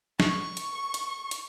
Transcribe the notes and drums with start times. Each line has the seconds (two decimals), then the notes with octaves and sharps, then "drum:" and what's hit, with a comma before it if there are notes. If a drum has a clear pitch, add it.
0.20 C#6, drum: snare
0.57 drum: hi-hat
0.94 drum: hi-hat
1.31 drum: hi-hat